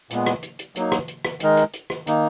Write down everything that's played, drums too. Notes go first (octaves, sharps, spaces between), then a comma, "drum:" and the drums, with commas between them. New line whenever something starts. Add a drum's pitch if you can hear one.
A#2 G#3 B3, drum: hi-hat
drum: rim click
drum: hi-hat
drum: hi-hat
F#3 A#3 D#4, drum: hi-hat
drum: rim click
drum: hi-hat
drum: rim click
D#3 G#3 D#4 A#4 D#5, drum: hi-hat
drum: hi-hat
drum: hi-hat
drum: rim click
D#3 A#3 D#4, drum: hi-hat